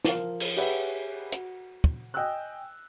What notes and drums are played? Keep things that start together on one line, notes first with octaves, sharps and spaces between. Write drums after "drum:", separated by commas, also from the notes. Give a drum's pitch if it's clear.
F3 A#4 F5, drum: snare
drum: cymbal
G4 G#4 B4 C#5 E5 F#5
F#4, drum: hi-hat
drum: kick
D#5 G5 G#5 D#6 E6 F#6